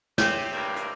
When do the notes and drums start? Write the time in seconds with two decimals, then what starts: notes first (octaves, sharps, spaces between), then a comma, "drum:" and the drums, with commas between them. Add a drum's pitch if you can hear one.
0.18 C3 G4 C#5, drum: snare
0.53 G2 A#3
0.76 drum: hi-hat